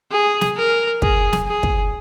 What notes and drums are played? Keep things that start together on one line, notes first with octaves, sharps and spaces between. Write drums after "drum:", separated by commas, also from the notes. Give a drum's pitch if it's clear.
G#4
drum: snare
A#4
G#4, drum: kick
drum: snare
G#4
drum: kick